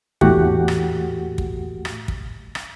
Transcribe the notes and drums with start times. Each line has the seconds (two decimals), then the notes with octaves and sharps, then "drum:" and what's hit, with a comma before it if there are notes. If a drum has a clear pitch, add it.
0.21 E2 A2 A3 F#4 G4 F#5, drum: kick
0.68 drum: rim click
1.38 drum: kick
1.85 drum: rim click
2.08 drum: kick
2.55 drum: rim click